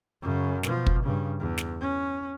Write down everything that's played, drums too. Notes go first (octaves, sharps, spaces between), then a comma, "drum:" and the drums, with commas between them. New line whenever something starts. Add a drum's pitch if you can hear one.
F#2 C#3
B2 F3, drum: snare
drum: kick
G2 C#3
E2
drum: snare
C#4